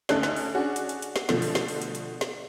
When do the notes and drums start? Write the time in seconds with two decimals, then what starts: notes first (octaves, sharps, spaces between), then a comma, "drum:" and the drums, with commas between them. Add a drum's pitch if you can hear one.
0.09 D2 C#4 D#4 A4 F#6, drum: snare
0.23 drum: snare
0.36 drum: open hi-hat
0.54 C#4 D4 F#4 G#4
0.76 drum: hi-hat
0.89 drum: hi-hat
1.02 drum: hi-hat
1.16 drum: snare
1.29 B2 D3 F3 A3, drum: snare
1.42 drum: open hi-hat
1.55 drum: snare
1.68 drum: open hi-hat
1.82 drum: hi-hat
1.95 drum: hi-hat
2.21 drum: snare